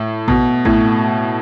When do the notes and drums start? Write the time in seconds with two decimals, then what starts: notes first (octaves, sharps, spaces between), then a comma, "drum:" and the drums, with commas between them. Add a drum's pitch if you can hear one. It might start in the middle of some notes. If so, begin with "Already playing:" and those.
Already playing: A2
0.28 B2, drum: kick A1
0.65 A2, drum: kick A1